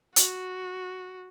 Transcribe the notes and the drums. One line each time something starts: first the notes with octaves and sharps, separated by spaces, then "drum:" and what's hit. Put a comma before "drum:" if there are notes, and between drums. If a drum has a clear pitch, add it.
F#4, drum: hi-hat